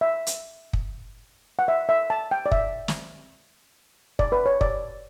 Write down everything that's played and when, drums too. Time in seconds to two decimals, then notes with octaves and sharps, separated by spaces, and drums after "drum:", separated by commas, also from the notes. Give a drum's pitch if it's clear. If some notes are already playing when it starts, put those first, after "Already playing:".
0.01 E5
0.27 drum: hi-hat
0.73 drum: kick
1.59 F#5
1.68 E5
1.89 E5
2.10 A5
2.31 G5
2.46 D5
2.51 E5, drum: kick
2.88 drum: snare
4.19 D5, drum: kick
4.32 B4
4.46 C#5
4.61 D5, drum: kick